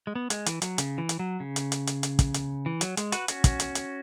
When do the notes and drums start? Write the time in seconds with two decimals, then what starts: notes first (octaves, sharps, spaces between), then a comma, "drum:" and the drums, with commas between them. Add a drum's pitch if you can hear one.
0.07 G#3
0.15 B3
0.30 G#3, drum: hi-hat
0.46 E3, drum: hi-hat
0.62 F#3, drum: hi-hat
0.78 C#3, drum: hi-hat
0.98 E3
1.09 drum: hi-hat
1.19 F#3
1.40 C#3
1.56 drum: hi-hat
1.72 drum: hi-hat
1.87 drum: hi-hat
2.03 drum: hi-hat
2.19 drum: kick, hi-hat
2.34 drum: hi-hat
2.66 E3
2.81 F#3, drum: hi-hat
2.97 G#3, drum: hi-hat
3.12 F#4 B4, drum: hi-hat
3.28 C#4 F#4, drum: hi-hat
3.44 drum: kick, hi-hat
3.60 drum: hi-hat
3.75 drum: hi-hat